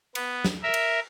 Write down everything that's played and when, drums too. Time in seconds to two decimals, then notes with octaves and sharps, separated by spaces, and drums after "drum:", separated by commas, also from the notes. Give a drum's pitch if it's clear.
0.15 B3, drum: cymbal
0.44 drum: snare
0.63 A#4 E5
0.74 drum: cymbal